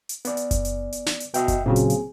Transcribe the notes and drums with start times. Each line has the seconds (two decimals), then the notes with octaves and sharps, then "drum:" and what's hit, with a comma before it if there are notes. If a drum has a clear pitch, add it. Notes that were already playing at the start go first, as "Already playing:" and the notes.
0.09 drum: hi-hat
0.25 B3 D5, drum: hi-hat
0.37 drum: hi-hat
0.51 drum: kick F#1, hi-hat
0.65 drum: hi-hat
0.92 drum: hi-hat
1.06 drum: snare
1.20 drum: hi-hat
1.34 B2 D#5 E5 G5, drum: hi-hat
1.48 drum: kick F#1, hi-hat
1.66 A#2 C#3 F#3 C4 G#4
1.76 drum: hi-hat
1.90 drum: hi-hat